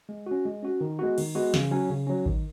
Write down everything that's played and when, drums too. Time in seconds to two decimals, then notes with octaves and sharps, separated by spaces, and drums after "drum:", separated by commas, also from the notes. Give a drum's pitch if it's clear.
0.09 G#3
0.26 C#4 F#4
0.46 G#3
0.63 C#4 F#4
0.81 D#3
0.99 G#3 B3 F#4
1.18 D#3, drum: cymbal
1.35 G#3 B3 F#4
1.54 C#3, drum: snare
1.71 F#3 C#4
1.90 C#3
2.07 F#3 C#4
2.26 D#3, drum: kick G#1